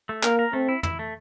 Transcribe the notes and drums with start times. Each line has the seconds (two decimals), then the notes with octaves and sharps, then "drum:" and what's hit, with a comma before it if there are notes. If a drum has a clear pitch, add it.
0.09 A3
0.23 A#3 A#4, drum: clap
0.39 A#4
0.53 A3 C4
0.69 E4
0.83 E4, drum: tom
0.99 A3